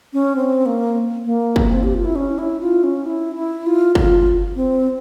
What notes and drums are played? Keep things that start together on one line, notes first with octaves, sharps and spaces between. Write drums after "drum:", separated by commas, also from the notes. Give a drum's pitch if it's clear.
C#4
C4
A#3
A#3
drum: kick
C4
G4
F4
E4
C#4
E4
F4
C#4
E4
E4
F4
F4, drum: kick
C4